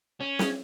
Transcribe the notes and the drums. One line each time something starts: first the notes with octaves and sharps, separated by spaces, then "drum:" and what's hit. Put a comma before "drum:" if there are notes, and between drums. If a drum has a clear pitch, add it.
C#4
drum: snare